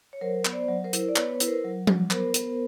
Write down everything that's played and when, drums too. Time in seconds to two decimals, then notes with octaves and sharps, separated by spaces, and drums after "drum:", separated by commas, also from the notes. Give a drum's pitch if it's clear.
0.13 C#5
0.21 F#3 A#4 C5
0.45 B3, drum: clap
0.52 C5 D5
0.68 F#3
0.84 A#4 C5
0.93 E4, drum: hi-hat
1.08 D5
1.16 B3 B4 C#5, drum: clap
1.40 E4 B4, drum: hi-hat
1.48 A#4 C5
1.64 F#3
1.87 F#3, drum: tom F3
2.11 B3 A#4 C5, drum: clap
2.34 B3, drum: hi-hat